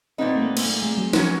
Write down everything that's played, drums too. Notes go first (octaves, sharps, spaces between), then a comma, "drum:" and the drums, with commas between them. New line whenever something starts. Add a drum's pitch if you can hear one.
A#2 G3 B3 C4 D#4
A3
A#3
A#3, drum: cymbal
A3
G#3
F#3
F3 F#3 A#3 C#4 F#4 A#4, drum: snare